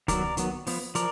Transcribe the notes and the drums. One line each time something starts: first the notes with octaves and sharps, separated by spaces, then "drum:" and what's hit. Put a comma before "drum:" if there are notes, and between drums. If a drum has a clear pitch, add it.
D#3 F#3 B3 A#4 D5, drum: kick C2, hi-hat
D#3 F#3 B3, drum: hi-hat
F3 B3, drum: open hi-hat
F3 A#4 D5, drum: hi-hat